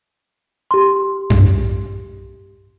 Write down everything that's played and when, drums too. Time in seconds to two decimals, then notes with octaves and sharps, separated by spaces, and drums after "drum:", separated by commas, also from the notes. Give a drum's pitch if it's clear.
0.71 G4 C6
1.30 drum: tom F#2